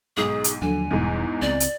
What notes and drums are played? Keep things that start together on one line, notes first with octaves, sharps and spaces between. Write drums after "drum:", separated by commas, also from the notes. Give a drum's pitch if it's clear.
B1 G#2 G#4
drum: hi-hat
D#2 D3 F3 F#3 G#5
E1 E2 G#2 B2 G3
C#2 C4 D5
drum: hi-hat